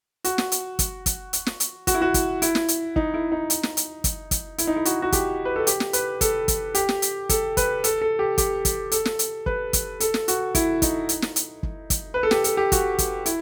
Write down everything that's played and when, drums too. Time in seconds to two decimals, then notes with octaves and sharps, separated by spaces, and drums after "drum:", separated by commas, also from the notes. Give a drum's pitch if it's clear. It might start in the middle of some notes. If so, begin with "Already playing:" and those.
0.24 F#4, drum: hi-hat
0.38 drum: snare
0.52 drum: hi-hat
0.79 drum: kick, hi-hat
1.06 drum: kick, hi-hat
1.33 drum: hi-hat
1.46 drum: snare
1.60 drum: hi-hat
1.87 F#4, drum: kick, hi-hat
1.94 E4
2.02 F#4
2.14 drum: kick, hi-hat
2.42 E4, drum: hi-hat
2.55 drum: snare
2.68 drum: hi-hat
2.96 D#4, drum: kick
3.14 E4
3.32 D#4
3.50 drum: hi-hat
3.63 drum: snare
3.77 drum: hi-hat
4.04 drum: kick, hi-hat
4.31 drum: kick, hi-hat
4.58 E4, drum: hi-hat
4.67 D#4
4.76 E4
4.85 F#4, drum: hi-hat
5.02 F#4
5.12 G4, drum: kick, hi-hat
5.45 B4
5.56 A4
5.67 G4, drum: hi-hat
5.80 drum: snare
5.93 B4, drum: hi-hat
6.21 A4, drum: kick, hi-hat
6.48 drum: kick, hi-hat
6.75 G4, drum: hi-hat
6.89 drum: snare
7.02 drum: hi-hat
7.29 A4, drum: kick, hi-hat
7.57 B4, drum: kick, hi-hat
7.84 A4, drum: hi-hat
8.02 A4
8.19 G4
8.38 G4, drum: kick, hi-hat
8.65 drum: kick, hi-hat
8.92 A4, drum: hi-hat
9.05 drum: snare
9.19 drum: hi-hat
9.46 B4, drum: kick
9.73 drum: kick, hi-hat
10.00 A4, drum: hi-hat
10.14 drum: snare
10.28 F#4, drum: hi-hat
10.55 E4, drum: kick, hi-hat
10.82 D#4, drum: kick, hi-hat
11.09 drum: hi-hat
11.22 drum: snare
11.36 drum: hi-hat
11.63 drum: kick
11.90 drum: kick, hi-hat
12.14 B4
12.23 A4
12.31 G4, drum: snare
12.44 A4, drum: hi-hat
12.57 G4
12.72 F#4, drum: kick, hi-hat
12.98 drum: kick, hi-hat
13.26 E4, drum: hi-hat